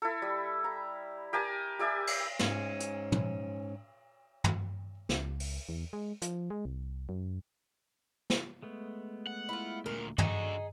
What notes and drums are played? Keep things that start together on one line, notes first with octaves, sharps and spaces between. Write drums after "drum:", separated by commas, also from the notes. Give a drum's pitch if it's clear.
E4 A4
G3
A#5
G4 A#4 G#5 A5
G4 D5 E5 G#5
drum: cymbal
G#2 C#4, drum: snare
drum: hi-hat
drum: tom
drum: tom
C#2, drum: snare
drum: open hi-hat
E2
G#3
F3, drum: hi-hat
G#3
C2
F#2
drum: snare
G#3 A3 B3
F#5
E4 F4
D2 A#2 A#4
D3 D#4 F#4 G#4, drum: tom